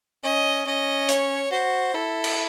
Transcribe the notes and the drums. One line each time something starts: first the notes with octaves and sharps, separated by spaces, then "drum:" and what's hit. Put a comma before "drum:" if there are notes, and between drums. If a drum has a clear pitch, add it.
C#4 D#5
C#4 D#5
C#5, drum: hi-hat
F#4 C5
E4 A4
drum: cymbal